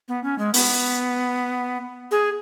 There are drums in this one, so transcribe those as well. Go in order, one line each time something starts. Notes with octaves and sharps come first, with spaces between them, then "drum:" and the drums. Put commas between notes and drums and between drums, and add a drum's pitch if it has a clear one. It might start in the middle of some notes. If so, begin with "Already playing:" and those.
B3
C#4
G#3
B3, drum: open hi-hat
G#4